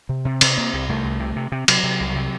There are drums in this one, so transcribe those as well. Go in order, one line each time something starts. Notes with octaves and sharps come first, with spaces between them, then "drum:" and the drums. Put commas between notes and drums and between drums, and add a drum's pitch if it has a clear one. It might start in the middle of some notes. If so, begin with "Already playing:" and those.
C3
C3
C3 C4, drum: cymbal
C3 A#3
C2
C2 A3
C2
C3
C3
C3
C3 F#3, drum: cymbal
C3
C2
C3